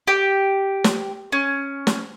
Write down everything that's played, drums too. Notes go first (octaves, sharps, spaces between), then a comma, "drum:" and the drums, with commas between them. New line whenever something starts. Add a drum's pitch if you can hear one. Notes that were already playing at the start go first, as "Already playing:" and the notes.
G4
drum: snare
C#4
drum: snare